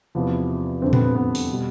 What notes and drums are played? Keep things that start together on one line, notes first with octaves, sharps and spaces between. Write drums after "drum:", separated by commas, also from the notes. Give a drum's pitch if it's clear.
E2 C3 F3 B3
F2 D3 G3 C4
B3, drum: tom A2
B3
B3
drum: open hi-hat
B2 G3